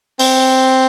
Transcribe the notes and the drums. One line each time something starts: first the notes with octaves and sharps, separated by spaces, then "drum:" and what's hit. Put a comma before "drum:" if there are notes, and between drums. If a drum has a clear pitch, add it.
C4, drum: open hi-hat